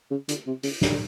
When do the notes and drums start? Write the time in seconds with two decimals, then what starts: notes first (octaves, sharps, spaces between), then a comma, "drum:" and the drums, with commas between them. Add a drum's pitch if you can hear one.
0.11 C#3
0.29 D3, drum: hi-hat
0.47 C3
0.63 C#3, drum: open hi-hat
0.81 D3, drum: snare